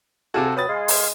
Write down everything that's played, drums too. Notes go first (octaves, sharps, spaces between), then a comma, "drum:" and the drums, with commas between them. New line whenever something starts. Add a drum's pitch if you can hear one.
C3 F4 F#4 G#4 A4 G#5
F#3 B4 G5 B5 D#6 A6
G#3 F5 G#5 C6
drum: open hi-hat